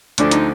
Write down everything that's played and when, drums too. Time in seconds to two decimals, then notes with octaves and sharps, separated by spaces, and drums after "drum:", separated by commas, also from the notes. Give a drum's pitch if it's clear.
0.18 D2 D3 F3 D4, drum: hi-hat
0.31 D#4, drum: hi-hat